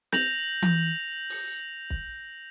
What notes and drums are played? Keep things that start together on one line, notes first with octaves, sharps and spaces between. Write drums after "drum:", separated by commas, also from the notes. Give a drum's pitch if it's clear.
G6 A#6 F7 F#7, drum: snare
drum: tom E3
drum: open hi-hat
drum: kick